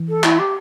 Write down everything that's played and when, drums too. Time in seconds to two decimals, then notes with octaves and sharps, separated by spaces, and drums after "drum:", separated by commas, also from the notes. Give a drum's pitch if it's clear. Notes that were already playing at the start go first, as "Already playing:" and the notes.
Already playing: E3
0.08 A4
0.24 E4, drum: clap
0.38 G4